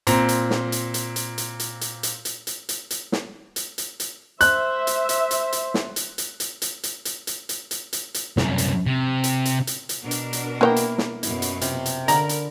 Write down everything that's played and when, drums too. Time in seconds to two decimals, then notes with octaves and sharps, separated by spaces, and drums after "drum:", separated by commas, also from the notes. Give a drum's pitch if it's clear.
0.07 A#2 C4 A#5, drum: hi-hat
0.29 drum: hi-hat
0.50 drum: snare
0.72 drum: hi-hat
0.94 drum: hi-hat
1.16 drum: hi-hat
1.38 drum: hi-hat
1.60 drum: hi-hat
1.81 drum: hi-hat
2.03 drum: hi-hat
2.25 drum: hi-hat
2.47 drum: hi-hat
2.69 drum: hi-hat
2.91 drum: hi-hat
3.12 drum: snare
3.56 drum: hi-hat
3.78 drum: hi-hat
4.00 drum: hi-hat
4.41 C5 E5 F#6, drum: hi-hat
4.87 drum: hi-hat
5.09 drum: hi-hat
5.31 drum: hi-hat
5.52 drum: hi-hat
5.74 drum: snare
5.96 drum: hi-hat
6.18 drum: hi-hat
6.40 drum: hi-hat
6.62 drum: hi-hat
6.83 drum: hi-hat
7.05 drum: hi-hat
7.27 drum: hi-hat
7.49 drum: hi-hat
7.71 drum: hi-hat
7.93 drum: hi-hat
8.14 drum: hi-hat
8.37 C2 F#2, drum: snare
8.58 drum: hi-hat
8.86 C3
9.24 drum: hi-hat
9.45 drum: hi-hat
9.67 drum: hi-hat
9.89 drum: hi-hat
10.02 B2 D4 A#4
10.11 drum: hi-hat
10.33 drum: hi-hat
10.61 A#3 B3 E4 C#5 G5 A#5
10.76 drum: hi-hat
10.98 drum: snare
11.23 F#2 B2 E4, drum: hi-hat
11.42 drum: hi-hat
11.61 C3 C4 F4, drum: hi-hat
11.86 drum: hi-hat
12.08 D3 A#4 A#5 B5, drum: hi-hat
12.29 drum: hi-hat